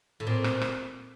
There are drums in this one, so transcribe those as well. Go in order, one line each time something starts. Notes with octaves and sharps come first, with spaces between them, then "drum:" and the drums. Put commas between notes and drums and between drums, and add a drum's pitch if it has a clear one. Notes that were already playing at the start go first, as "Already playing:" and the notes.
A2
A#2 C4
drum: rim click
drum: rim click